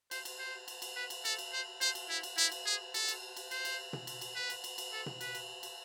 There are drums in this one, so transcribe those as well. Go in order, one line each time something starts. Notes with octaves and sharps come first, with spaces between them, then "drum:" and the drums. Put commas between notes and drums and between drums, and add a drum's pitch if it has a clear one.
C5, drum: cymbal
drum: cymbal
C5
drum: cymbal
drum: cymbal
B4
drum: cymbal
A4, drum: cymbal
drum: cymbal
C5
C5, drum: cymbal
drum: cymbal
E4
drum: cymbal
E4, drum: cymbal
drum: cymbal
G#4
A4, drum: cymbal
drum: cymbal
drum: cymbal
C5, drum: cymbal
drum: cymbal
drum: tom B2
drum: cymbal
drum: cymbal
B4
drum: cymbal
drum: cymbal
drum: cymbal
A4
drum: tom B2
B4, drum: cymbal
drum: cymbal
drum: cymbal